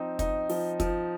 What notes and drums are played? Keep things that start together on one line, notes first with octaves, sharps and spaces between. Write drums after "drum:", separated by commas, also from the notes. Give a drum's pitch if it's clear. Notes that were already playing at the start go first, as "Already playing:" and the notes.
Already playing: F3 C4 D#4 G5
D#4, drum: kick, hi-hat
F3, drum: open hi-hat
F3, drum: kick, hi-hat